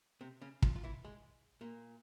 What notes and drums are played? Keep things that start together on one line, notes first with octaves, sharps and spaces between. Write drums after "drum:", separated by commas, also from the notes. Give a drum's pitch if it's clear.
C3 C4
C#3 C#4
F3 F4, drum: kick
F4
E3 E4
G#3
A#2 A#3